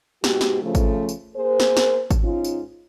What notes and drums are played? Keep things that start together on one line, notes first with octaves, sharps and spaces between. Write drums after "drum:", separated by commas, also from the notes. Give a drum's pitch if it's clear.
G#2 B2 G#3 F#4 G4, drum: snare
drum: snare
C#3 F3 A3
drum: kick G#1, tambourine
drum: tambourine
A#3 G#4 A#4 C5
drum: snare
drum: snare
drum: kick G#1, tambourine
G#2 C#4 D#4 F4
drum: tambourine